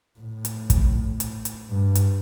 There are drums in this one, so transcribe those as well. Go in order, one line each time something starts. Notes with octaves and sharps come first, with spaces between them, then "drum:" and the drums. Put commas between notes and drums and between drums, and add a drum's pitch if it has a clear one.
A2
drum: hi-hat
drum: kick, hi-hat
drum: hi-hat
drum: hi-hat
G2
drum: hi-hat